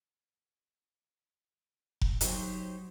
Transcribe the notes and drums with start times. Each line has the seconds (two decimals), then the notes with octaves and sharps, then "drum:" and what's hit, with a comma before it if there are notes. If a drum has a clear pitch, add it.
2.01 drum: kick F1
2.21 F#3 D#4 G4 C5, drum: hi-hat